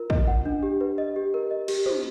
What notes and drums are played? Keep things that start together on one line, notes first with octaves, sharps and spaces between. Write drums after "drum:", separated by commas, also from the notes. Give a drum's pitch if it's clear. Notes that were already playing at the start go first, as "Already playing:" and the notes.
Already playing: F4 A#4
D#5, drum: kick
F#5
D4
G4
B4
D#5
G4
A#4
D#5
G4, drum: cymbal
C5, drum: tom